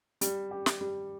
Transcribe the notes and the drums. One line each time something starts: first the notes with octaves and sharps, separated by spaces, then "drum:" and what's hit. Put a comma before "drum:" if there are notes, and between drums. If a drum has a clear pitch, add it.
G3, drum: hi-hat
G4
drum: snare
G3